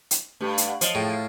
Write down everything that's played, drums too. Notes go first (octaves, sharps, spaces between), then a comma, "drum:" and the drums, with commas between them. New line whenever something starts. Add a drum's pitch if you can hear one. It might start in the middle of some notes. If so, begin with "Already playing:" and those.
drum: hi-hat
G2 A3 G4 C#6
drum: hi-hat
F#5
F3 C5 C#5 D#5, drum: hi-hat
A2 G#4 G5 D7
G#6 C7